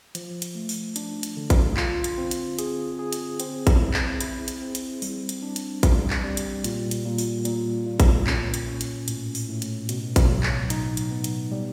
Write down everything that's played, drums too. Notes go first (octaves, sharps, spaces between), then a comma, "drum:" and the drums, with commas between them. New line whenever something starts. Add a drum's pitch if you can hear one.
F3, drum: hi-hat
drum: hi-hat
A3
drum: open hi-hat
D4, drum: hi-hat
drum: hi-hat
D3
drum: kick A1, hi-hat
F4, drum: clap
drum: hi-hat
C4
drum: hi-hat
G#4, drum: hi-hat
G#4
drum: hi-hat
C4, drum: hi-hat
drum: kick A1, hi-hat
E4
drum: clap
E4, drum: hi-hat
drum: hi-hat
C4
drum: hi-hat
G3, drum: open hi-hat
drum: hi-hat
D4
drum: hi-hat
G3, drum: kick A1, hi-hat
drum: clap
G3
drum: hi-hat
A#2, drum: hi-hat
drum: hi-hat
A#2
drum: open hi-hat
A#2, drum: hi-hat
A#2
drum: kick A1, hi-hat
C#4, drum: clap
drum: hi-hat
C#4
drum: hi-hat
A2, drum: hi-hat
drum: open hi-hat
A2
drum: hi-hat
B2, drum: hi-hat
drum: kick A1, hi-hat
F#3
drum: clap
D#4, drum: hi-hat
drum: hi-hat
B3
drum: hi-hat
G3